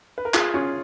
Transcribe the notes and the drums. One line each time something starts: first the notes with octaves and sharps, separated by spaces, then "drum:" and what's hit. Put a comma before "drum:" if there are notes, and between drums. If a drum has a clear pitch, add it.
B4
A#4
F4 G#4, drum: clap
C#4 F4